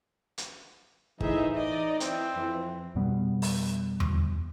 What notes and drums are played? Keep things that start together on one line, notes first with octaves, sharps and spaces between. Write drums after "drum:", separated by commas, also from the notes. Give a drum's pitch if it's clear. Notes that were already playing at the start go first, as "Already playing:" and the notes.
drum: hi-hat
A2 E3 D#4 G#4 C5 E5, drum: kick
D#4 D5 D#5
E3 C4 E4, drum: hi-hat
F2
F2 B2 G3 B3
drum: open hi-hat
drum: tom E2